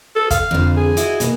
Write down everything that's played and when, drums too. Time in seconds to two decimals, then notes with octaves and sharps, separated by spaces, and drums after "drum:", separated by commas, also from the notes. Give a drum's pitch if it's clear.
0.15 A4
0.30 F5, drum: kick, hi-hat
0.51 F2 D3
0.77 G#4
0.97 E4 F#4 D#5, drum: hi-hat
1.20 B2 A#3, drum: hi-hat